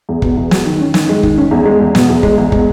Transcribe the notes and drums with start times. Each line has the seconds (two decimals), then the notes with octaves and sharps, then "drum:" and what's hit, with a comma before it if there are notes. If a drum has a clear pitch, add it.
0.09 E2
0.22 B2, drum: kick
0.37 E2
0.51 F#3, drum: snare
0.66 D#3
0.81 C#4
0.94 D#3, drum: snare
1.09 G#3
1.23 D#3, drum: kick
1.38 C#4
1.51 E2
1.65 G#3
1.80 E2
1.95 B2, drum: snare
2.09 E2
2.23 G#3, drum: kick
2.38 E2
2.52 G#3, drum: kick